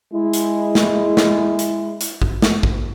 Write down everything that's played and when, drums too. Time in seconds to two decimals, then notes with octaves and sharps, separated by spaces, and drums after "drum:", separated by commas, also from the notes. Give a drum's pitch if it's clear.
0.13 G#3 E4
0.33 drum: hi-hat
0.75 drum: snare
1.17 drum: snare
1.59 drum: hi-hat
2.01 drum: hi-hat
2.22 drum: kick A1
2.42 drum: snare
2.63 drum: kick A1